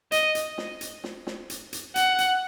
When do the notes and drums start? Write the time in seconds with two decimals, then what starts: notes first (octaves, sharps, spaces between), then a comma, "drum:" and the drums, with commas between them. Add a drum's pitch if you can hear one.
0.12 D#5, drum: hi-hat
0.35 drum: hi-hat
0.58 drum: snare
0.81 drum: hi-hat
1.04 drum: snare
1.27 drum: snare
1.50 drum: hi-hat
1.73 drum: hi-hat
1.96 F#5, drum: hi-hat
2.18 drum: hi-hat